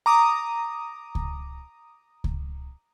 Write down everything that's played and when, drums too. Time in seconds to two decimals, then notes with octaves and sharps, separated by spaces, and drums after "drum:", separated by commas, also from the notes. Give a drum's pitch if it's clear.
0.06 A#5 D6 D#6
1.15 drum: kick C#2
2.24 drum: kick C#2